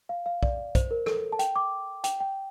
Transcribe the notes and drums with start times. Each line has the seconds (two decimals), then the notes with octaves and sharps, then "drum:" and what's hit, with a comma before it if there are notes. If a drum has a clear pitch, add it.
0.09 F5
0.26 F5
0.43 D5, drum: kick
0.75 C5, drum: kick, hi-hat
0.91 A#4
1.06 A4, drum: rim click
1.32 A5
1.39 G5, drum: hi-hat
1.56 D6
2.04 G5, drum: hi-hat
2.20 G5